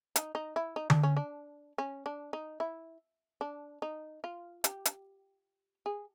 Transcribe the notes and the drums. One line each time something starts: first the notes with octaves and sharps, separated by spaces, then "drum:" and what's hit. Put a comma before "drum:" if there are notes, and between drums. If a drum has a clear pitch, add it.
D#4, drum: hi-hat
D#4
E4
D#4
D4, drum: tom D3
C#4
D4
C#4
D4
D#4
E4
D4
D#4
F4
G4, drum: hi-hat
drum: hi-hat
G#4